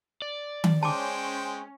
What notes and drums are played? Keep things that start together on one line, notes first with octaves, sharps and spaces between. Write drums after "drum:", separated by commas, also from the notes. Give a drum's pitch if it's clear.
D5
drum: tom D#3
G#3 C#4 C5 G5 A5 D6